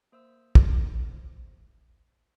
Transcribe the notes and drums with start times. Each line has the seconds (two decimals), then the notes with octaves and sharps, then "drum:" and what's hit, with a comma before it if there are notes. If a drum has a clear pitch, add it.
0.12 A#3 C5 E5 E6
0.55 drum: kick